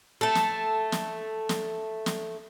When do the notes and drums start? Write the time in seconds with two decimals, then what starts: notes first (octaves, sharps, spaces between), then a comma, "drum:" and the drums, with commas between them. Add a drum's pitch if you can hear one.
0.21 A3 A4
0.35 drum: snare
0.92 drum: snare
1.49 drum: snare
2.06 drum: snare